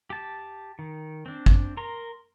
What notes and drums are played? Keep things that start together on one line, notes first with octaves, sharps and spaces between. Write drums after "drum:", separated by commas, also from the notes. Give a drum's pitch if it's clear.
G4 A5
D#3
C4 D4
drum: kick
A#4 A#5 C6